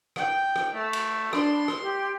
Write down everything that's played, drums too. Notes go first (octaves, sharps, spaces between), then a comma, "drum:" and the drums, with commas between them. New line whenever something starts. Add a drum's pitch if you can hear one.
G5, drum: rim click
drum: rim click
A3
drum: cymbal
D4 B5 C6, drum: rim click
drum: rim click
G4